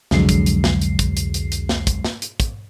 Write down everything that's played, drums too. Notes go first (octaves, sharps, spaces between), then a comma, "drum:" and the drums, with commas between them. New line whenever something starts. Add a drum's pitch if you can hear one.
C2 F2 D3 F#3 G#3 C7, drum: snare
drum: kick, hi-hat
drum: hi-hat
drum: snare
drum: hi-hat
drum: kick, hi-hat
drum: hi-hat
drum: hi-hat
drum: hi-hat
drum: snare
drum: kick, hi-hat
drum: snare
drum: hi-hat
drum: kick, hi-hat